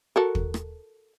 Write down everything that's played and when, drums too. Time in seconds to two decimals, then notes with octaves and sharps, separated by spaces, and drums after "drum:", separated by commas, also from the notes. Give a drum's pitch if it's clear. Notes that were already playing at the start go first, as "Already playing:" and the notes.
0.16 F#4 A4 A#4
0.35 drum: kick
0.54 drum: rim click